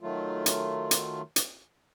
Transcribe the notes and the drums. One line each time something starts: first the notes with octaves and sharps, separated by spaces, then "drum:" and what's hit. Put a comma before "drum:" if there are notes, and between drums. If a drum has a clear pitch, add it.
D#3 F#3 A3 F4
drum: hi-hat
drum: hi-hat
drum: hi-hat